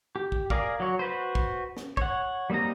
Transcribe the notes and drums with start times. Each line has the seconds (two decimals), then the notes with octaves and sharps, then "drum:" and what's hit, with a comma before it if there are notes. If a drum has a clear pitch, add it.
0.16 G4
0.32 drum: kick
0.50 G#4 A#4 D5 F5, drum: kick
0.80 F#3 C#5
0.99 F#4 B4 C5
1.35 drum: kick
1.77 drum: snare
1.97 C#5 F#5, drum: kick
2.50 G3 A#3 C4 D#4 A#5